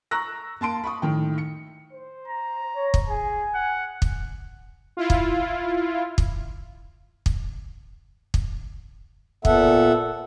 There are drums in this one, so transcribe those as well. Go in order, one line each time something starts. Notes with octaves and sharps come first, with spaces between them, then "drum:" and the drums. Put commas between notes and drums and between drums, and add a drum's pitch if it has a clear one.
A#5 C#6 E6 F#6 A#6
A#3 A5 C6 D7
B5 C#6 D#6
A2 D#3 G5
C#7
C5
A#5
C#5
drum: kick
G#4 G#5
F#5
drum: kick
E4 F4
drum: kick
drum: kick
drum: kick
drum: kick
A#2 B3 A4 E5 F#5, drum: kick